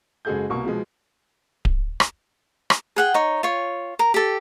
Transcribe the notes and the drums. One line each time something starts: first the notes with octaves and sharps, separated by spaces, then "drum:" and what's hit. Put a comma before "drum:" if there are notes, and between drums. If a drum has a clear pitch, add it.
F#1 G#3 F#4 G#4 A4 G6
C2 B2 A#3 C#6
B2 F3 G#3
drum: kick D1
drum: rim click
drum: rim click
G#4 F#5 G5
D#4 C#5
F4 C#5
A#4
G4 A4